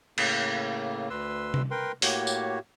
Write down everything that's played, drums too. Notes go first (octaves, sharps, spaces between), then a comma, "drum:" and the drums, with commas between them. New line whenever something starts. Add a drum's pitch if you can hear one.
A2 C#3 A#3, drum: cymbal
D2 B4 C6 E6
drum: tom C3
A#4 B4 G5 C6
A2 A#3 F#4 G4 C#5, drum: open hi-hat
drum: tambourine